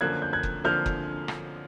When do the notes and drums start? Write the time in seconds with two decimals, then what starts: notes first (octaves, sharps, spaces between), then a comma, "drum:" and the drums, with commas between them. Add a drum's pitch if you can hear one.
0.01 F#2 D3 F3 A#3 F#6 G#6
0.22 G6
0.33 F#6 G#6
0.43 drum: kick F#1
0.64 D3 F3 A#3 F6 G6
0.86 drum: kick F#1
1.28 drum: rim click